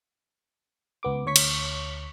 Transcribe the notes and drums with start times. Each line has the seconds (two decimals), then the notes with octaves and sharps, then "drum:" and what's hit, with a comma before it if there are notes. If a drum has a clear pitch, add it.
1.03 C#2 B3 D6
1.26 D2 C#5 C#6 B6
1.36 drum: cymbal